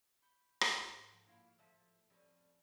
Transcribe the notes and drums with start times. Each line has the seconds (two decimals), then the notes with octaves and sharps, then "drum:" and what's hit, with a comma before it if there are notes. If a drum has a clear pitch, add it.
0.22 B5 C#6 G6
0.61 drum: rim click
0.88 G#2 B6
1.12 F3 A4 G5
1.26 A2 F#3 A#3 E4 F4 F5
1.58 F3 A3 G4 E5 F#5
2.10 F2 G3 C4 C#4